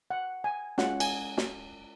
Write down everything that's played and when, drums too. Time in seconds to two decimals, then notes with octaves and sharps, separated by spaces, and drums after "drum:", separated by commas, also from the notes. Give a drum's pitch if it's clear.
0.10 F#5
0.44 G#5
0.78 G#3 C#4 F4 F#5, drum: snare
1.00 G#5, drum: cymbal
1.38 drum: snare